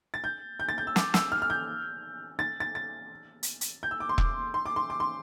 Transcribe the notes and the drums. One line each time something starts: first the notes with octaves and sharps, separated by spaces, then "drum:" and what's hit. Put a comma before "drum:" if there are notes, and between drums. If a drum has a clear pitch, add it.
A6
G6
G6
A6
G6
E6
D6, drum: snare
E6, drum: snare
F6
F6
G6
A6
A6
A6
drum: hi-hat
drum: hi-hat
G6
E6
D6
C6
D6, drum: kick E1
C6
D6
C6
D6
C6